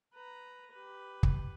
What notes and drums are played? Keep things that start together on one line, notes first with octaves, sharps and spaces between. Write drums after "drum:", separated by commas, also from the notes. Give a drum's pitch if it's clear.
B4 A#5
G4 B4
drum: kick